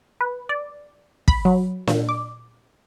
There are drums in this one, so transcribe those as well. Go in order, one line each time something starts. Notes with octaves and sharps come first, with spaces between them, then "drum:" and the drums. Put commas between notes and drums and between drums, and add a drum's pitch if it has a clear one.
B4
D5
B5, drum: kick
F#3
A#2, drum: snare
D6